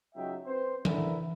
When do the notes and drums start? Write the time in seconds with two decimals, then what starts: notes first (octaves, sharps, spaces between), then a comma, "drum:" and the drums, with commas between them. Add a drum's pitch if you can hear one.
0.15 C#2 F#3 D#4 E5 G5
0.45 C4 B4 C5
0.85 D3 E3 E4 A#4, drum: tom E3